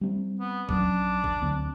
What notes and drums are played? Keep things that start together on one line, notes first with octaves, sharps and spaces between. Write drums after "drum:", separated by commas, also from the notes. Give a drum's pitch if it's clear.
G3 C4
B3
A#1 F#3 C#4 D4, drum: kick
drum: kick
D2 F#3 C4